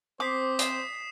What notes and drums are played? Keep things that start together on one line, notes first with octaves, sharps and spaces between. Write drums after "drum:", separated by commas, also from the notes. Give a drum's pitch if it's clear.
C4 C5 D6 D#6 B6 C7
D#6 C7 E7, drum: hi-hat